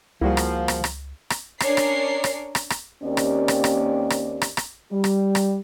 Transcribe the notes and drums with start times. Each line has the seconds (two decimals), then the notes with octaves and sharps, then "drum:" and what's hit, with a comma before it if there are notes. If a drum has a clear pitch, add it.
0.21 C#2 F3 G3 A#3 E4 F#4 G#4
0.37 drum: rim click
0.68 drum: rim click
0.84 drum: rim click
1.30 drum: rim click
1.60 C#4 D4 A#4 C#5 C7, drum: rim click
1.77 drum: rim click
2.24 drum: rim click
2.55 drum: rim click
2.70 drum: rim click
3.03 D#2 A#3 C4 C#4 G4 D5
3.17 drum: rim click
3.48 drum: rim click
3.64 drum: rim click
4.10 drum: rim click
4.41 drum: rim click
4.57 drum: rim click
4.91 G3
5.04 drum: rim click
5.35 drum: rim click